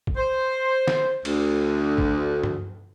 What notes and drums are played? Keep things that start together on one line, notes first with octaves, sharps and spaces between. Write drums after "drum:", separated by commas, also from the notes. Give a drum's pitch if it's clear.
drum: kick
C5
drum: snare
D2 D3, drum: cymbal
drum: kick
drum: tom G2